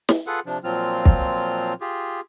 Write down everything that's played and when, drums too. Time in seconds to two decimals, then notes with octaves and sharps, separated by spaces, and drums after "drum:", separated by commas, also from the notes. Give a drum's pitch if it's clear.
0.09 drum: snare
0.27 F4 G#4 A4 B4 F#5
0.46 C3 F3 D4
0.64 A#2 F3 F#3 C4 F4 F6
1.05 drum: kick
1.81 F4 G4 G#4